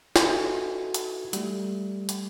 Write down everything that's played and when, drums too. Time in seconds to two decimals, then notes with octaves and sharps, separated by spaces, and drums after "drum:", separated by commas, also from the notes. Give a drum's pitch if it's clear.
0.16 D#4 E4 F#4 A4 B4 G#5, drum: snare
0.94 drum: hi-hat
1.33 G3 A3, drum: hi-hat
2.09 drum: hi-hat